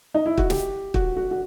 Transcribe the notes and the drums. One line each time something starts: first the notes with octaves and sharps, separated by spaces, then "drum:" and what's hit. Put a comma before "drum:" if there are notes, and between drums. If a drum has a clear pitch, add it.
D#4
E4
F#4, drum: kick
G4, drum: snare
F#4, drum: kick
F#4
F#4